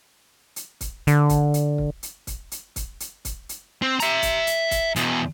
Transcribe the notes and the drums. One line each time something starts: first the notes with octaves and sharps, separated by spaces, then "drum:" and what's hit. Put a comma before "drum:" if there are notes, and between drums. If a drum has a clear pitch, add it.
drum: hi-hat
drum: kick, hi-hat
D3, drum: hi-hat
drum: kick, hi-hat
drum: hi-hat
drum: kick
drum: hi-hat
drum: kick, hi-hat
drum: hi-hat
drum: kick, hi-hat
drum: hi-hat
drum: kick, hi-hat
drum: hi-hat
C4
E5 A#5, drum: hi-hat
drum: kick, hi-hat
drum: hi-hat
drum: kick, hi-hat
E2 B2, drum: hi-hat